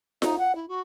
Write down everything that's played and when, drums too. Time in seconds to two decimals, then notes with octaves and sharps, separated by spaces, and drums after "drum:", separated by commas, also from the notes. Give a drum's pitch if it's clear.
0.22 D#4, drum: snare F4
0.38 F#5
0.55 E4
0.68 F#4